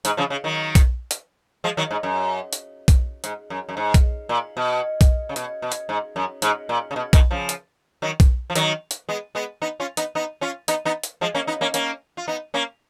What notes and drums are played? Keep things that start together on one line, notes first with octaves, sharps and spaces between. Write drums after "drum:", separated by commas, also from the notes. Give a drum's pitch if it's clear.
G#2, drum: hi-hat
C#3 F3
C#3
D#3 F#3
drum: kick B1, hi-hat
drum: hi-hat
F3 G#3
D#3 F#3
G#2
F#2
drum: hi-hat
drum: kick B1, hi-hat
G#2, drum: hi-hat
F#2
F#2
G#2
drum: kick B1, hi-hat
A#2
B2
drum: kick B1, hi-hat
C#3
B2, drum: hi-hat
B2
drum: hi-hat
G#2
F#2
G#2, drum: hi-hat
A#2
C#3
B2
B2 D#3, drum: kick B1, hi-hat
C#3 F3
drum: hi-hat
D#3 F#3
drum: kick B1, hi-hat
F3
D#3 F#3, drum: hi-hat
drum: hi-hat
G#3 B3
G#3 B3
B3 D#4
C#4 F4
B3 D#4, drum: hi-hat
B3 D#4
C#4 F4
B3 D#4, drum: hi-hat
B3 D#4
drum: hi-hat
F3 G#3
A#3 C#4
B3 D#4
A#3 C#4
A#3 C#4, drum: hi-hat
F4
B3 D#4
A#3 C#4